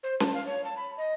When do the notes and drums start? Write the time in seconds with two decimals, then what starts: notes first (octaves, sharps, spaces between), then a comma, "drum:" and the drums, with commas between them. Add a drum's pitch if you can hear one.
0.03 C5
0.20 A5, drum: snare C#4
0.34 F5
0.46 C#5
0.65 A5
0.77 B5
0.97 D#5